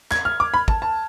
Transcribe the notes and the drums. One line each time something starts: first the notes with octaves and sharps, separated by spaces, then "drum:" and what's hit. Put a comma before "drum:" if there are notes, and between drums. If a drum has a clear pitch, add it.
G#6, drum: clap
F6
D6
B5
A5, drum: kick
A5